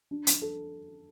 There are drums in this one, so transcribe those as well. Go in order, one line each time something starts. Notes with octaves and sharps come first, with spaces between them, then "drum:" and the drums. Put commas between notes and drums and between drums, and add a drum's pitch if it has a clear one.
D4
D4, drum: hi-hat
A4